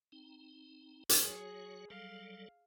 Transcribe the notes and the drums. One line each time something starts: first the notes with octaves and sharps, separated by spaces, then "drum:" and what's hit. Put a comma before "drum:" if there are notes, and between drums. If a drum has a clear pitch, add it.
C4 D#4
drum: hi-hat
F#3 F#4 G#4 C#5
F#3 G3 A4 F5